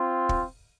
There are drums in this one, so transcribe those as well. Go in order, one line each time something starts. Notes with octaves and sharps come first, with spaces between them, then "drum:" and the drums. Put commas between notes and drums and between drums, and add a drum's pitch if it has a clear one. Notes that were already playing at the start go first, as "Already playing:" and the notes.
Already playing: C4 F4
drum: kick